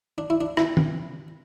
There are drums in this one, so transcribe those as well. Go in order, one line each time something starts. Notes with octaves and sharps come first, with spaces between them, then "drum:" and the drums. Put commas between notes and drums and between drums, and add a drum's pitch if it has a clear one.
D4
E4
D4
E4, drum: rim click
drum: tom